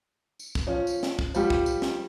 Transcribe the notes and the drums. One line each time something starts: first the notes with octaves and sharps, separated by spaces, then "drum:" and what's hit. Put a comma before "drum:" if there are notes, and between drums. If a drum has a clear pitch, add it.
drum: tambourine
drum: kick, tambourine
F3 C#4
drum: tambourine
drum: snare
drum: kick
F3 G3 G4, drum: tambourine
drum: kick
drum: tambourine
drum: snare